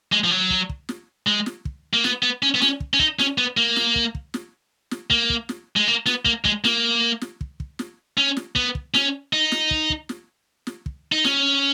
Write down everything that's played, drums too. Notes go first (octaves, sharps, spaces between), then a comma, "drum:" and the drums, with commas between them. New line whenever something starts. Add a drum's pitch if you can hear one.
G#3
F3
F#3
drum: kick
drum: kick
drum: snare
G#3
drum: snare
drum: kick
A#3
B3, drum: snare
B3
C#4
B3
C#4, drum: snare
drum: kick
C#4
D#4, drum: kick
C#4, drum: snare
B3
A#3
drum: snare
drum: kick
drum: kick
drum: snare
drum: snare
A#3, drum: kick
drum: kick
drum: snare
G#3
A#3
B3, drum: snare
A#3, drum: kick
G#3, drum: kick
A#3, drum: snare
drum: snare
drum: kick
drum: kick
drum: snare
C#4
drum: snare
B3, drum: kick
drum: kick
C#4, drum: snare
D#4
drum: snare
drum: kick
drum: kick
drum: snare
drum: snare
drum: kick
D#4
C#4, drum: snare